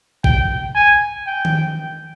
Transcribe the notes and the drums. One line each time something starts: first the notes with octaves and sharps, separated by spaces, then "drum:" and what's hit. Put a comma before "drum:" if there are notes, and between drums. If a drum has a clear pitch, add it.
G5, drum: kick A1
G#5
G5
drum: tom D#3